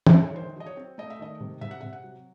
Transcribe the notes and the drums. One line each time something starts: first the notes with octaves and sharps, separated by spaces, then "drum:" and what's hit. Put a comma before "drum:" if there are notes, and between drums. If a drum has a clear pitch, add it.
drum: tom
C#5
D#3 C5
F#3 D#5
C#5
C4
A3 D#5
E5
D#3 D#5
C3
C3 E5
F#5
C3 E5
F#5
F#3